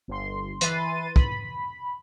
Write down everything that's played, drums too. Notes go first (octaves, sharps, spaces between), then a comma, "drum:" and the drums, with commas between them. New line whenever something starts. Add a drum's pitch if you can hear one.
G1 C6
E3 B4 C6 A6 D#7, drum: hi-hat
B5, drum: kick